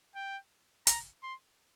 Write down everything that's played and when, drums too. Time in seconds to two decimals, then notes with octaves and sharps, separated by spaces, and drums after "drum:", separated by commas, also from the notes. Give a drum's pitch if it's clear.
0.15 G5
0.87 A#5, drum: hi-hat
1.23 C6